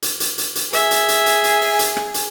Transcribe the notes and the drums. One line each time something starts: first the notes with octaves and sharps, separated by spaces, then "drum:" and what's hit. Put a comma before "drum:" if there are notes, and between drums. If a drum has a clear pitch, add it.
drum: hi-hat
drum: hi-hat
drum: hi-hat
drum: hi-hat
G#4 E5, drum: hi-hat
drum: hi-hat
drum: hi-hat
drum: hi-hat
drum: hi-hat
drum: open hi-hat
drum: hi-hat
drum: rim click
drum: hi-hat